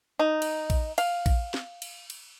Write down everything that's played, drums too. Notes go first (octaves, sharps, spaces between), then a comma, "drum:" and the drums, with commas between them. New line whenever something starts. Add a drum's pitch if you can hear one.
D#4
drum: cymbal
drum: kick, cymbal
F5, drum: cymbal
drum: kick, cymbal
drum: snare
drum: cymbal
drum: cymbal